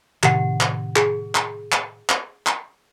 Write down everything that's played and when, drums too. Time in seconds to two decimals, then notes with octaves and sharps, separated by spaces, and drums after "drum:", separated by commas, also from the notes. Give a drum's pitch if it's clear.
0.23 A2 C3 D#3 G4 F#5, drum: clap
0.60 drum: clap
0.96 G#4, drum: clap
1.35 drum: clap
1.72 drum: clap
2.09 drum: clap
2.46 drum: clap